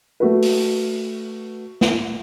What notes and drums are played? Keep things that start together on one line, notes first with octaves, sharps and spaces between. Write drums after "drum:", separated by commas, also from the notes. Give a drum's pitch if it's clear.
A3 F#4 B4
drum: open hi-hat
drum: snare